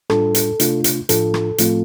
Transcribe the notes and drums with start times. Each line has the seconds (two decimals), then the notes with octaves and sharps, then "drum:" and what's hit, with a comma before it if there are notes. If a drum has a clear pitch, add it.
0.10 A2 G3 D4 F4 A4, drum: rim click
0.35 drum: hi-hat
0.60 C3 A3 D4 F4, drum: hi-hat
0.84 drum: hi-hat
1.09 A2 F3 D4 F4 A4, drum: hi-hat
1.34 drum: rim click
1.58 A2 F3 A3 C4 F4, drum: hi-hat